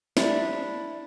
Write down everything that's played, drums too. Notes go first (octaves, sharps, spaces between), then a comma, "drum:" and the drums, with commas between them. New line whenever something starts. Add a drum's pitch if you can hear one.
D4 E4, drum: snare